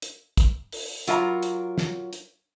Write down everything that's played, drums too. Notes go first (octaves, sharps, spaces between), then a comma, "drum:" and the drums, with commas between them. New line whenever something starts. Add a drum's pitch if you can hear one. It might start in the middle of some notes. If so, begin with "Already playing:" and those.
drum: hi-hat
drum: kick, hi-hat
drum: open hi-hat
F#3 F4 A#4 D#5 A#5, drum: hi-hat
drum: hi-hat
drum: snare
drum: hi-hat